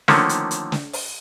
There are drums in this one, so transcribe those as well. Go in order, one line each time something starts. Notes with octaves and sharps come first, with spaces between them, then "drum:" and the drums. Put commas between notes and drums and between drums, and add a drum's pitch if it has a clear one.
D3 D#3 F3 A3 A#3 C#4, drum: snare
drum: hi-hat
drum: hi-hat
drum: snare
drum: open hi-hat